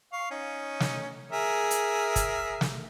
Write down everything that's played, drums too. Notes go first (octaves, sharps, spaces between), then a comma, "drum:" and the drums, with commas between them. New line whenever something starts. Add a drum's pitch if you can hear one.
F5 C#6
C#4 D#4
drum: snare
G#4 A#4 E5
drum: hi-hat
drum: kick, hi-hat
drum: snare